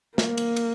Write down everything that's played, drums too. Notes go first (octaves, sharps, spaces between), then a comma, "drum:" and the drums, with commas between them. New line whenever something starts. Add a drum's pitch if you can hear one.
A#3, drum: snare
drum: cymbal
drum: cymbal